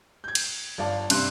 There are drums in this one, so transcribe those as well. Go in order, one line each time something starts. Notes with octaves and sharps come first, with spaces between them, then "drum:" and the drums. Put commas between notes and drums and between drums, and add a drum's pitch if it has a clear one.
G6 G#6
drum: cymbal
G1 D5 F5 A5
G2 C3 C6 F#6, drum: cymbal